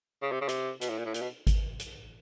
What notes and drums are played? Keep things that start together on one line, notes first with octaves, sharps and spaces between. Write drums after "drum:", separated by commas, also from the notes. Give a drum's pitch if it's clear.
C#3
C3
C#3
C3, drum: hi-hat
B2, drum: hi-hat
A2
A#2
A2
A#2, drum: hi-hat
B2
drum: kick G#1, hi-hat
drum: hi-hat